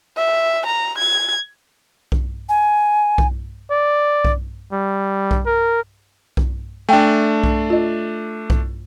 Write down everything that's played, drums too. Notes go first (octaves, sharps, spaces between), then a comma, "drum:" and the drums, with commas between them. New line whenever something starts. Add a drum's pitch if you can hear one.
E5
A#5
G#6
drum: kick B1
G#5
drum: kick B1
D5
drum: kick B1
G3
drum: kick B1
A#4
drum: kick B1
A3 D4 E5 G5 G#5
drum: kick B1
F4 D#5
drum: kick B1